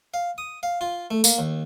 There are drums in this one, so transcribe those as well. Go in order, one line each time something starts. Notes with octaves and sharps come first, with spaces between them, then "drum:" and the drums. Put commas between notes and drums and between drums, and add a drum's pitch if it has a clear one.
F5
D#6
F5
F4
A3
A#3, drum: tambourine
D#2